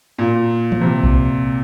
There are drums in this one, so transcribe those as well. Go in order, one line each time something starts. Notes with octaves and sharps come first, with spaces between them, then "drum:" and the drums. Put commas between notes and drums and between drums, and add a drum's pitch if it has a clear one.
A#2
drum: tom E3
C3
drum: kick B1